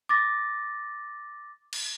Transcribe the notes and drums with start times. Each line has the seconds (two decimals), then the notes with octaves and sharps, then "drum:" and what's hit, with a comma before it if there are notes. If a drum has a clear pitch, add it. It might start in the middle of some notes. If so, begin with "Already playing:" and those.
0.09 D6 A6 A#6
1.73 drum: cymbal